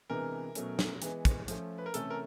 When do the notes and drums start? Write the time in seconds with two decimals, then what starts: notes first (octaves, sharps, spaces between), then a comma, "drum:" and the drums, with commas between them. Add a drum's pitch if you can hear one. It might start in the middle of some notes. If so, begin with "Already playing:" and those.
0.09 C3 E3 G#3 B3 D4 A#4
0.55 B2 F#3 A3 C#4, drum: hi-hat
0.79 drum: snare
1.02 E3 G#3 B3, drum: hi-hat
1.25 drum: kick, hi-hat
1.48 F3 A3 C#4, drum: hi-hat
1.78 B4
1.86 A#4
1.94 C3 E3 A3 C#4 A4, drum: hi-hat
2.10 A#4